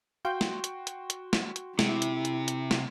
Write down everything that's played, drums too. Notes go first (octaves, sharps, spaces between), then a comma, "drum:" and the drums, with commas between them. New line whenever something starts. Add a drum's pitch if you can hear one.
F#4 F5 G5 C6 G6
drum: snare
drum: hi-hat
drum: hi-hat
drum: hi-hat
drum: snare
drum: hi-hat
C3 G#3 E4, drum: snare
drum: hi-hat
drum: hi-hat
drum: hi-hat
drum: snare